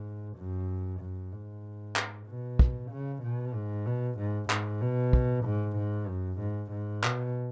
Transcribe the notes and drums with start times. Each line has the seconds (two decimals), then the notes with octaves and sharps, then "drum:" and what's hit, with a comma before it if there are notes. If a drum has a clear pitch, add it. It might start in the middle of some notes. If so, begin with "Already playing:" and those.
Already playing: G#2
0.37 F#2
1.01 F#2
1.33 G#2
1.96 drum: clap
2.28 B2
2.59 drum: kick
2.91 C#3
3.23 B2
3.54 G#2
3.86 B2
4.19 G#2
4.50 G#2, drum: clap
4.81 B2
5.13 drum: kick
5.45 G#2
5.77 G#2
6.08 F#2
6.40 G#2
6.72 G#2
7.04 B2, drum: clap